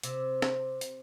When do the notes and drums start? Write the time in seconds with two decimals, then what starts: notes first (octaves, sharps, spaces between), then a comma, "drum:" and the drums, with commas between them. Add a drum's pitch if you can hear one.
0.03 C3, drum: hi-hat
0.42 drum: snare
0.81 drum: hi-hat